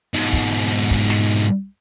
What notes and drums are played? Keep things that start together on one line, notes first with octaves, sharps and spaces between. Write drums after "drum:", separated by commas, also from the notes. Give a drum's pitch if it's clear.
G#2 B2
drum: kick
drum: kick
drum: snare